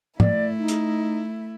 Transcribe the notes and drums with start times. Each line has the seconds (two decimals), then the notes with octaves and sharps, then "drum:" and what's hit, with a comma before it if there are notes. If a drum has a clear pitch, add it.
0.20 A3 E4 D5, drum: tom
0.58 D#4
0.68 drum: hi-hat